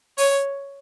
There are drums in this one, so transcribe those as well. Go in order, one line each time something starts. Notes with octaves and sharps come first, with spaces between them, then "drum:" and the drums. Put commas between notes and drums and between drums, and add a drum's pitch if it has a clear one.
C#5, drum: open hi-hat